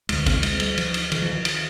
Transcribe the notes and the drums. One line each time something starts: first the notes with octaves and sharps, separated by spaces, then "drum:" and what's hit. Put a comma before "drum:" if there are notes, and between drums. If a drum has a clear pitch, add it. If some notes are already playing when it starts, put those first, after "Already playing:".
D2 D3 G#3, drum: cymbal
C4, drum: kick, cymbal
G#3, drum: cymbal
G3, drum: cymbal
F3, drum: cymbal
drum: cymbal
D#3, drum: cymbal
F3
D#3
drum: cymbal